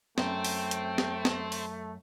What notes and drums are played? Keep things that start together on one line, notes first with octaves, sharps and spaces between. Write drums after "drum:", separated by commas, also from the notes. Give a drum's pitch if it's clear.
F#2 A3 C4 G5, drum: snare
drum: open hi-hat
drum: hi-hat
drum: snare
drum: snare
drum: open hi-hat